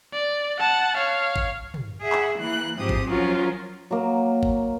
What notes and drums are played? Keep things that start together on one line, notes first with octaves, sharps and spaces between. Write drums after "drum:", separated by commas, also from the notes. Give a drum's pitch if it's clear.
D5
F#5 A5
C#5 F5
drum: kick G#1
drum: tom
G#4 E5 F#5
drum: clap
E3 A#3 F#6
G#2 F3 C4 G4 D#6
drum: kick G#1
F3 F#3 C#4 F4 F#4 A#4
F#3 A#3
drum: kick G#1